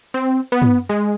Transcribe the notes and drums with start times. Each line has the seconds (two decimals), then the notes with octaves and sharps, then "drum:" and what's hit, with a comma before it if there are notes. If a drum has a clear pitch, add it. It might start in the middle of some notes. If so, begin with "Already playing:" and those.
0.14 C4
0.52 B3
0.62 drum: tom
0.89 G#3